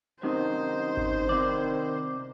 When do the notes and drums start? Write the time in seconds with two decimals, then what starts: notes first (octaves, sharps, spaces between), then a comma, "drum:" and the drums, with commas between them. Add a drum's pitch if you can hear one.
0.23 F#2 C3 D#3 D#4 C5
0.97 drum: kick G#1
1.29 C3 D#3 D5